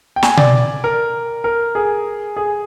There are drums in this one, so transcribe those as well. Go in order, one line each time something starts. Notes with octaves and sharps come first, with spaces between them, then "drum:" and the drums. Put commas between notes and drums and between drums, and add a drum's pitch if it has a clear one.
G5
G#5, drum: snare
D5, drum: tom B2
A#4
A#4
G#4
G#4